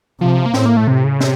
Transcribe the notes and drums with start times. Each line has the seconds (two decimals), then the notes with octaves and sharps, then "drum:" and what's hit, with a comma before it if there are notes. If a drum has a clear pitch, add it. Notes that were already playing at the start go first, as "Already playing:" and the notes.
0.21 C3 F3
0.46 A#3
0.54 A2 C4, drum: snare
0.66 A#3
0.77 A3
0.88 C3
1.04 C#3
1.21 C3, drum: snare